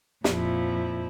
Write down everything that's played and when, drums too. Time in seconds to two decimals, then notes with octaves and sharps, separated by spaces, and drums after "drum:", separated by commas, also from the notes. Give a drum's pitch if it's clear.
0.24 F2 A#2 F3 E4, drum: snare